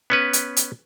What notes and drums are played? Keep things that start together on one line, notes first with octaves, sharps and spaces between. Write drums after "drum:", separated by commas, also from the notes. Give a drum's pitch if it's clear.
B3 C#4 B4
drum: hi-hat
drum: hi-hat